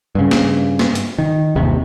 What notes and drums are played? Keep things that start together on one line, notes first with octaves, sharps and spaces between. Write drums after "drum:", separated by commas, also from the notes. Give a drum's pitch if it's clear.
G2 C#3
drum: snare
drum: snare
drum: hi-hat
D#3
G1 D#2 C3